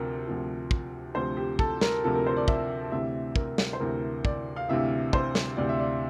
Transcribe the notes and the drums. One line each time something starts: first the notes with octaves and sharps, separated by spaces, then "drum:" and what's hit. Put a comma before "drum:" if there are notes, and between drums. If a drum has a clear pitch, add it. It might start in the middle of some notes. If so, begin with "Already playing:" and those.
Already playing: D2 C3 F3 A#4
D2 C3 F3
drum: kick
D2 C3 F3 C5
G4
A4, drum: kick
A#4, drum: snare
D2 C3 F3 A4
A#4
C5
D5
E5, drum: kick
D2 C3 E3 E5
A#4, drum: kick
drum: snare
C5
D2 C3 E3 A#4
D5, drum: kick
F5
D2 C3 E3 E5
C5, drum: kick
drum: snare
D2 C3 E3 D5
E5
D5